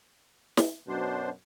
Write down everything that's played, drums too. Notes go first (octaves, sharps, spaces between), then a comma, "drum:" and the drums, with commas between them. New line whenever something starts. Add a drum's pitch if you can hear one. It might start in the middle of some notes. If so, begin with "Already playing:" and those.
drum: snare
F#2 B2 F#3 D4 C5